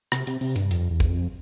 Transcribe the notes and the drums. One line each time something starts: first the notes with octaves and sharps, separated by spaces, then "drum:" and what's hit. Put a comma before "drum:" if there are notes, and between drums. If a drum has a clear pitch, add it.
C3, drum: rim click
C3, drum: hi-hat
C3, drum: open hi-hat
G2, drum: hi-hat
F2, drum: hi-hat
E2
drum: kick
F2